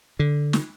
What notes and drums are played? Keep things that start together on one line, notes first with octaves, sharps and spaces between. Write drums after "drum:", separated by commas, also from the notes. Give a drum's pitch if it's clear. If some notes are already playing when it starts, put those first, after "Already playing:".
D3
drum: snare